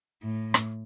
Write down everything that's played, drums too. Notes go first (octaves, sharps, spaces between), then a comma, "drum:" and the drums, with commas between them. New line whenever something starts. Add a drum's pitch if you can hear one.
A2
drum: rim click